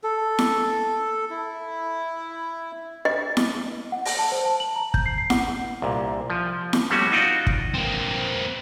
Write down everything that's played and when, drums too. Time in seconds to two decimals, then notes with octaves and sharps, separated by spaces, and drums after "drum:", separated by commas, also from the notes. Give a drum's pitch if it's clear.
0.04 A4
0.39 drum: snare E4
1.30 E4
3.05 D#5
3.37 drum: snare E4
3.92 F#5
4.05 A#6, drum: open hi-hat
4.19 A5
4.32 C5
4.45 A5
4.60 F#7
4.76 A#5
4.94 G6, drum: kick
5.06 C7
5.18 C7
5.30 F#5, drum: snare E4
5.82 C2 A#2
6.30 F3
6.73 drum: snare E4
6.90 G3 A3 C#4 F#4
7.12 D#4 F4 F#4 D5 D#5
7.47 drum: kick
7.75 A#3 C4